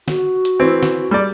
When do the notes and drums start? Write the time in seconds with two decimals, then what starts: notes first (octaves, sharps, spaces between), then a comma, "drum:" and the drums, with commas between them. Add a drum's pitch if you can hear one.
0.08 F#4, drum: snare
0.45 drum: hi-hat
0.60 E3 C4
0.83 drum: snare
1.11 G3 D5